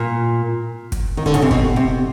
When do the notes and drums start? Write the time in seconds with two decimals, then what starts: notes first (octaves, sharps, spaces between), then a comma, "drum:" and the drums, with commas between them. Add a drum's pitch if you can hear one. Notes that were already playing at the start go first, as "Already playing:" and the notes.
Already playing: A#2
0.92 drum: kick, hi-hat
1.17 D#3
1.26 D3
1.34 C#3, drum: hi-hat
1.42 C3
1.51 B2, drum: kick
1.76 C3